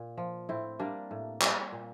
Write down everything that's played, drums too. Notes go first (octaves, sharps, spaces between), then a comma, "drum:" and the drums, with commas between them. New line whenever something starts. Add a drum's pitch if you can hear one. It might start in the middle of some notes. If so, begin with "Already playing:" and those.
Already playing: A#2
F3
A2 C4 E4
G3 A#3 D4
A2
G3, drum: clap
A#2